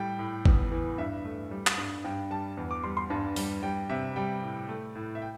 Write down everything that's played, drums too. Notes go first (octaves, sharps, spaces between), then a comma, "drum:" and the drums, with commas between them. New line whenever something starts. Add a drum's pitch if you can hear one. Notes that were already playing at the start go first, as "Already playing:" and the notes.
Already playing: A2 G3 G5
A2
E2, drum: kick G#1
E3
G2 E5
A3
G3
drum: clap
G2
G2 G5
G3 A5
E2
D6
G3 C6
C6
G2 A5
G3, drum: open hi-hat
G3 G5
C3 E5
G3 G5
A2
A3
A2
E5
G5